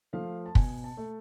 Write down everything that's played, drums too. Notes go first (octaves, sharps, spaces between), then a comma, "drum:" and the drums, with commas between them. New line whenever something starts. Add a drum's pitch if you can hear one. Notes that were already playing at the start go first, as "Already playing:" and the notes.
F3 A3 F5
A5
B2 G#5, drum: kick
A5
A3